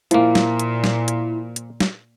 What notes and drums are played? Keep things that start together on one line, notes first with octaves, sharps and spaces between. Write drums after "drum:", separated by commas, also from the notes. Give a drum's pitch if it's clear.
A#2 F3 A#3 E4, drum: hi-hat
drum: snare
drum: hi-hat
drum: snare
drum: hi-hat
drum: hi-hat
drum: snare